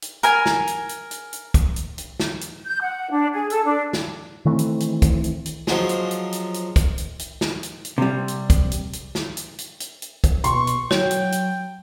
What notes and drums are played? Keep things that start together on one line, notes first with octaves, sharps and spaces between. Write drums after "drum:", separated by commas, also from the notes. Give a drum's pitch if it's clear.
drum: hi-hat
A#4 G#5, drum: hi-hat
drum: snare
drum: hi-hat
drum: hi-hat
drum: hi-hat
drum: hi-hat
drum: kick, hi-hat
drum: hi-hat
drum: hi-hat
drum: snare
drum: hi-hat
G6
F#5
D4
G#4
A4, drum: hi-hat
D4
drum: snare
D#3 E3 A3 C4
drum: hi-hat
drum: hi-hat
drum: kick, hi-hat
drum: hi-hat
drum: hi-hat
F3 F#3 G#3, drum: snare
drum: hi-hat
drum: hi-hat
drum: hi-hat
drum: hi-hat
drum: kick, hi-hat
drum: hi-hat
drum: hi-hat
drum: snare
drum: hi-hat
drum: hi-hat
C3 G3
drum: hi-hat
drum: kick, hi-hat
drum: hi-hat
drum: hi-hat
drum: snare
drum: hi-hat
drum: hi-hat
drum: hi-hat
drum: hi-hat
drum: kick, hi-hat
B2 C6 C#6, drum: hi-hat
drum: hi-hat
F#3 C#5 G5, drum: snare
drum: hi-hat
drum: hi-hat